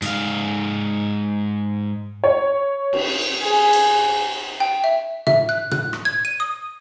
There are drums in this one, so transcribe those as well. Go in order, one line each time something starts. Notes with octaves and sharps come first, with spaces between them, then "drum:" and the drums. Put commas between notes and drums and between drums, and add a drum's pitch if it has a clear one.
G#2 F5, drum: hi-hat
C#5
drum: cymbal
G#4
drum: cymbal
G5
E5
E5, drum: tom
F#6
F#6, drum: tom
drum: rim click
G#6
D#7
D#6